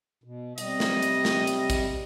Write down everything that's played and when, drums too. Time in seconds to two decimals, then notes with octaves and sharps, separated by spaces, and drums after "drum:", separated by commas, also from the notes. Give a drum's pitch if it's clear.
0.24 B2
0.58 C3 G3 D#5, drum: hi-hat
0.80 drum: snare
1.03 drum: hi-hat
1.25 drum: snare
1.47 drum: hi-hat
1.70 drum: kick, hi-hat